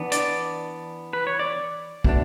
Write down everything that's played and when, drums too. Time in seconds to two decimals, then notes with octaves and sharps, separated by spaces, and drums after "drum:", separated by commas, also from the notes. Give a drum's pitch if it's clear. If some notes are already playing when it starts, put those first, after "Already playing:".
Already playing: E3 B3 D4
0.12 D5, drum: hi-hat
1.13 B4
1.27 C#5
1.39 D5
2.04 B2 A3 D4, drum: kick